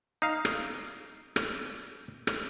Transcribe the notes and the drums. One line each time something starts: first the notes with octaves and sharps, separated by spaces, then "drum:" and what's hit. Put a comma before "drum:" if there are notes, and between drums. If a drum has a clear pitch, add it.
D#4 F5
drum: rim click
drum: rim click
drum: rim click